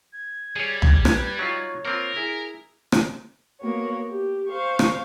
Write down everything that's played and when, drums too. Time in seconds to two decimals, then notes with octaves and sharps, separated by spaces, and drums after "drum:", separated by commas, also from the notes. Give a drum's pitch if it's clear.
0.13 G#6
0.56 G3 G#4 C#5
0.82 drum: tom
1.05 B4, drum: rim click
1.39 F#3 D#4 F4 C#5
1.85 A#3 C4 F4 A#4
2.16 E4 G#4
2.92 drum: rim click
3.61 A#3 B3 F#4 C#5
4.09 G4
4.50 C5 F5 C#6
4.79 drum: rim click